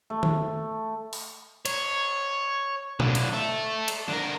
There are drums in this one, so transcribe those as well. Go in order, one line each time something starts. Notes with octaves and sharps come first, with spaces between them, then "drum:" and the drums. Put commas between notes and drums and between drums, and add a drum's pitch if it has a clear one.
A3
drum: tom D#3
drum: open hi-hat
C#5, drum: cymbal
A2 D3, drum: tom B2
drum: cymbal
A4 E5
drum: cymbal
D3 A#4